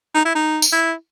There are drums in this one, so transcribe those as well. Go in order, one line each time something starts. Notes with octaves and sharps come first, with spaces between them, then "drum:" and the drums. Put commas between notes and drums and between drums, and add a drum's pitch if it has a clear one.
D#4
E4
D#4
drum: tambourine
E4